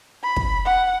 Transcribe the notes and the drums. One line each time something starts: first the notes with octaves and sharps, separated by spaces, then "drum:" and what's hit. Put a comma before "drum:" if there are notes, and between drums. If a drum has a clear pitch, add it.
B5
drum: kick
F#5